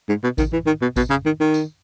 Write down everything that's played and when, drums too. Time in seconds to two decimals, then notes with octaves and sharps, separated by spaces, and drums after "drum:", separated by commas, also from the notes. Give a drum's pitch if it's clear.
0.09 G#2
0.23 B2
0.38 D#3, drum: kick A1, tambourine
0.53 E3
0.66 D#3
0.82 B2
0.96 B2, drum: kick A1, tambourine
1.10 C#3
1.26 D#3
1.40 D#3
1.54 drum: tambourine